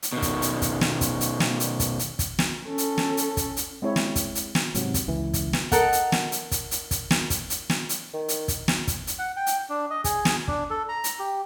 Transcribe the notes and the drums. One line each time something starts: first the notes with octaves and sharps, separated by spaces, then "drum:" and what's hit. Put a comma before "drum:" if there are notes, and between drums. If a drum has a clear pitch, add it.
drum: hi-hat
B2 D#3
drum: kick, hi-hat
drum: hi-hat
drum: kick, hi-hat
drum: snare
drum: kick, hi-hat
drum: hi-hat
drum: snare
drum: hi-hat
drum: kick, hi-hat
drum: hi-hat
drum: kick, hi-hat
drum: snare
C#4 A4
drum: hi-hat
drum: snare
drum: hi-hat
drum: kick, hi-hat
drum: hi-hat
G#3 C4 E4 C#5
drum: snare
drum: kick, hi-hat
drum: hi-hat
drum: snare
G#2 C3 F#3, drum: hi-hat
drum: kick, hi-hat
C#2 E3
drum: kick, hi-hat
drum: snare
A4 A#4 D#5 F#5, drum: kick, hi-hat
drum: hi-hat
drum: snare
drum: hi-hat
drum: kick, hi-hat
drum: hi-hat
drum: kick, hi-hat
drum: snare
drum: kick, hi-hat
drum: hi-hat
drum: snare
drum: hi-hat
D#3
drum: hi-hat
drum: kick, hi-hat
drum: snare
drum: kick, hi-hat
drum: hi-hat
F#5
G5
drum: hi-hat
D4
D#5
G#4, drum: kick, hi-hat
drum: snare
D4, drum: kick
A4
A#5
drum: hi-hat
G4